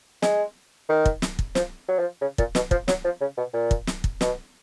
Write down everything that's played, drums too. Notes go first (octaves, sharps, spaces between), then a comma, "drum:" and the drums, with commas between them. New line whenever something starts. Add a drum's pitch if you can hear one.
G#3, drum: snare
D#3
drum: kick
drum: snare
drum: kick
F3, drum: snare
F#3
F3
C#3
A#2, drum: kick
B2, drum: snare
F3, drum: kick
F#3, drum: snare
F3
C#3
B2
A#2
drum: kick
drum: snare
drum: kick
B2, drum: snare